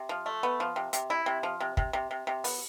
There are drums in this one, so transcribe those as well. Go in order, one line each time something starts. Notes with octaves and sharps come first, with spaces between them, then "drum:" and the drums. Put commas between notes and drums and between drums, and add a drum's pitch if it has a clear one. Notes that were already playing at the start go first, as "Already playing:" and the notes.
Already playing: C3
F3
A3
B3
F3
C3
C3, drum: hi-hat
E4
C3
F3
C3
C3, drum: kick
C3
C3
C3
B3, drum: open hi-hat